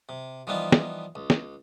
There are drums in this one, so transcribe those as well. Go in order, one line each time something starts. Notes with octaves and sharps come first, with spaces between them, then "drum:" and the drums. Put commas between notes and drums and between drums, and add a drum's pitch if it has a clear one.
C3
E3 F3 G3 B3 D#4 F4
drum: snare
C#2
drum: snare